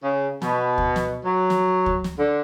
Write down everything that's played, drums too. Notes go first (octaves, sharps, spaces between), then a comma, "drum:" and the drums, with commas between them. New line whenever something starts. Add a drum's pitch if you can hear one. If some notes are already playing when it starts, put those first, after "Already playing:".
C#3
B2, drum: snare
drum: kick
drum: snare
F#3
drum: snare
drum: kick
drum: snare
D3